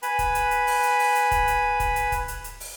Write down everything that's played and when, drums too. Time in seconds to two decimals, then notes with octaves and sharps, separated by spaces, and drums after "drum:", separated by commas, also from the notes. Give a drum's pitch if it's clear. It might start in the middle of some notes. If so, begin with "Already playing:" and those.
0.03 B4 G#5 B5, drum: hi-hat
0.19 drum: kick, hi-hat
0.35 drum: hi-hat
0.51 drum: hi-hat
0.67 drum: open hi-hat
0.83 drum: hi-hat
0.99 drum: open hi-hat
1.15 drum: hi-hat
1.31 drum: kick, hi-hat
1.48 drum: hi-hat
1.80 drum: kick, hi-hat
1.96 drum: hi-hat
2.12 drum: kick, hi-hat
2.28 drum: hi-hat
2.44 drum: hi-hat
2.60 drum: open hi-hat